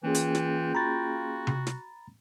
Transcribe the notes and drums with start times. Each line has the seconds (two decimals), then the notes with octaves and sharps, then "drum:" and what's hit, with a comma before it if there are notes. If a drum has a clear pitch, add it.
0.03 E3 A#3 C#4 F4 G#4 G5
0.15 drum: hi-hat
0.35 drum: snare
0.75 F#4 A#5 B5 A6
1.47 drum: tom C3
1.67 drum: snare